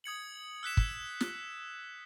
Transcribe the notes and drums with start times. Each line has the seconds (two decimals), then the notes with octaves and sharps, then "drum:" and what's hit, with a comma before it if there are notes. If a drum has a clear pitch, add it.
0.04 D#6 G#6 C#7 F#7
0.63 E6 F#6 B6 E7
0.77 drum: kick
1.21 drum: snare